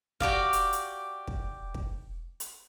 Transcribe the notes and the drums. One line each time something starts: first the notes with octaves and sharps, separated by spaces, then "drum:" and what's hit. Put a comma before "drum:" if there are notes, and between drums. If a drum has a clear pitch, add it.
F#4 G4 D5 F5, drum: kick
drum: hi-hat
drum: hi-hat
drum: kick
drum: kick
drum: hi-hat